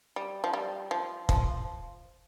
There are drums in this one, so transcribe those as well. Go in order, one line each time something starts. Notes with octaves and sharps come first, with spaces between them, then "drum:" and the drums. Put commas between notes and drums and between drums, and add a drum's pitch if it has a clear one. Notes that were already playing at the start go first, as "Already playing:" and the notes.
G3
F3
G3
F3
F3, drum: kick